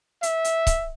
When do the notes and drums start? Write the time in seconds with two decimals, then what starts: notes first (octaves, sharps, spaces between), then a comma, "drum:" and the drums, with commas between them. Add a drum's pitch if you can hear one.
0.23 E5, drum: hi-hat
0.44 drum: hi-hat
0.67 drum: kick C#1, hi-hat